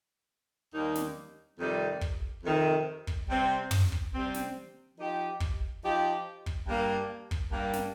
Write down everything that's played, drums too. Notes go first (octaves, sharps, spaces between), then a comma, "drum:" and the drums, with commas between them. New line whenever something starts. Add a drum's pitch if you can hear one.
D#2 D#3 G3 A#3 D#4
drum: snare
F2 C3 D#3 G3
drum: kick
F2 C3 D#3 G3
drum: kick
C3 G3 C4
drum: tom
drum: kick
C3 G3 C4
drum: snare
F3 D#4 G4
drum: kick
F3 D#4 G4
drum: kick
G2 G3 A#3
drum: kick
G2 G3 A#3
drum: snare